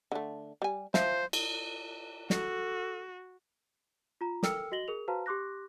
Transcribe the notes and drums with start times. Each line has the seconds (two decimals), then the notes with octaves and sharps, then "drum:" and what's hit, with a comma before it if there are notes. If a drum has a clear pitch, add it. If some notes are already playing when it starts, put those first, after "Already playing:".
0.12 D3 A3
0.62 G3 G#5
0.94 F3 C5 E5, drum: snare
1.33 drum: cymbal
2.30 F#4 A4, drum: snare
4.21 F4 A#5
4.43 A4 A#4 G5 E6 F6 C#7, drum: snare
4.72 F#4 D#5 A#6 F#7 G7
4.88 G#4 A#4 F7
5.08 F#4 B4 C5 F5 A5 A#5
5.26 G4 C6 D6 F#6 A#6